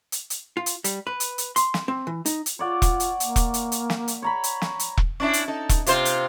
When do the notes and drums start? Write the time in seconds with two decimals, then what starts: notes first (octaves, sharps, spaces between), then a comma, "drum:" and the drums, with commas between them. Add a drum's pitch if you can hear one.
0.12 drum: hi-hat
0.30 drum: hi-hat
0.57 F4
0.66 drum: hi-hat
0.84 G3, drum: hi-hat
1.07 B4
1.20 drum: hi-hat
1.38 drum: hi-hat
1.56 C6, drum: hi-hat
1.74 drum: snare
1.88 C4
2.07 E3
2.26 D#4, drum: hi-hat
2.46 drum: hi-hat
2.59 F4 C#5 D5 F#5
2.82 drum: kick E1, hi-hat
3.00 drum: hi-hat
3.20 A#3, drum: hi-hat
3.36 drum: kick E1, hi-hat
3.54 drum: hi-hat
3.72 drum: hi-hat
3.90 drum: snare
4.08 drum: hi-hat
4.22 C#5 A#5 B5
4.44 drum: hi-hat
4.62 drum: snare
4.80 drum: hi-hat
4.97 drum: kick E1
5.20 C#4 D4 E4
5.33 drum: hi-hat
5.48 D#4 A4
5.69 drum: kick E1, hi-hat
5.86 C3 F4 C5, drum: hi-hat
6.05 drum: hi-hat